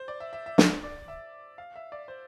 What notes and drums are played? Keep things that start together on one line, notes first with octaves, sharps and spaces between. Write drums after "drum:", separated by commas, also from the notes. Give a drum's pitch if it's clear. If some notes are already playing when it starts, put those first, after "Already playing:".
Already playing: C5
D5
E5
E5
E5
D5, drum: snare
D5
E5
F5
E5
D5
C5